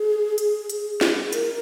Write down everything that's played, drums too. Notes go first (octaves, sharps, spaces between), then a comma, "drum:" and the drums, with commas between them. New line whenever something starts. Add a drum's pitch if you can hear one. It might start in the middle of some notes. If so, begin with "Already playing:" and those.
Already playing: G#4
drum: hi-hat
drum: hi-hat
drum: snare
A#4, drum: hi-hat